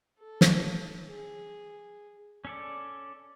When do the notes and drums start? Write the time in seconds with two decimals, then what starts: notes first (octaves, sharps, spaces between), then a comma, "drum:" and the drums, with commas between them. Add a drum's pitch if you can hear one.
0.19 A4
0.41 drum: snare
1.07 G#4
2.45 C#4 A4 D5